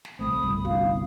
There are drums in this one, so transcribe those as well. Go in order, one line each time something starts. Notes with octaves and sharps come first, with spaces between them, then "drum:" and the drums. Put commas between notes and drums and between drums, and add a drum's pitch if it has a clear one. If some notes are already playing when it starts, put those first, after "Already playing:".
drum: snare
C2 A3 C4 B5 D#6
G1 C2, drum: kick
F5, drum: tom